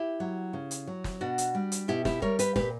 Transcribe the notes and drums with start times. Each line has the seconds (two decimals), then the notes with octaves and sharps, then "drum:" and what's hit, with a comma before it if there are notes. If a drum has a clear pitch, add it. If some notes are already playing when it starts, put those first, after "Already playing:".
Already playing: E4 G4
0.20 F#3
0.53 C#3
0.71 drum: hi-hat
0.87 F#3
1.04 drum: snare
1.21 B2 D4 F#4
1.38 drum: hi-hat
1.55 G3
1.72 drum: hi-hat
1.88 B2 E4 G4
2.05 E4 G4, drum: snare
2.22 G3 A#4 C#5, drum: kick
2.39 G4 B4, drum: hi-hat
2.56 A#2 G4 B4, drum: snare